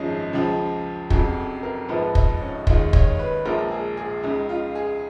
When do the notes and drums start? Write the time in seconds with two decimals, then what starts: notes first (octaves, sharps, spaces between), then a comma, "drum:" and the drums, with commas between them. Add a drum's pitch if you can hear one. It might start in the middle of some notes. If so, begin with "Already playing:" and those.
Already playing: G#1 F#2 F3 G#3 C#4 D#4
0.33 C#2 C#3 F3
1.10 F1 F2 C#3 F#3 G#4, drum: kick
1.63 A#4
1.88 A#1 G#2 F3 B4
2.15 D#4, drum: kick
2.40 C#4
2.67 D#2 D#3 G#3 F4, drum: kick
2.93 C#5, drum: kick
3.10 C#5
3.19 B4
3.45 A#1 A#2 F3 G#3 A#4
3.71 G#4
3.97 G#4
4.23 C#2 C#3 G#3 D#4
4.49 F4
4.75 G#4